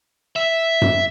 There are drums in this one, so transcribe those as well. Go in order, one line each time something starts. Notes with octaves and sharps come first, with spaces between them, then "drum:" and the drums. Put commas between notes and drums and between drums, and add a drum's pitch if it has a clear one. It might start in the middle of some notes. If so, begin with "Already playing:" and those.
E5
drum: tom F#2